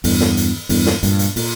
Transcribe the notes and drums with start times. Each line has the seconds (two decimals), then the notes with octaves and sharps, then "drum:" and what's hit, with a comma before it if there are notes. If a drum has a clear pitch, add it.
0.04 E2 G2, drum: open hi-hat
0.21 drum: snare
0.37 drum: hi-hat
0.69 E2 G2, drum: open hi-hat
0.86 drum: snare
1.03 G2 A#2, drum: hi-hat
1.19 drum: hi-hat
1.36 A#2, drum: open hi-hat